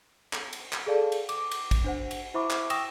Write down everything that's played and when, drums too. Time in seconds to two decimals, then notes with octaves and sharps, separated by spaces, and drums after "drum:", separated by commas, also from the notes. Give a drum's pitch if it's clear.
0.33 drum: clap
0.53 drum: cymbal
0.72 drum: clap
0.86 G#4 A4 D5 F5 A5
1.12 drum: cymbal
1.29 D6, drum: cymbal
1.52 drum: cymbal
1.71 drum: kick, cymbal
1.84 D4 C5 F#5
2.11 drum: cymbal
2.34 E4 C5 E5 B5 C#6 D6
2.50 drum: clap
2.70 G5 C#6 D#6 E6 A#6 E7, drum: cymbal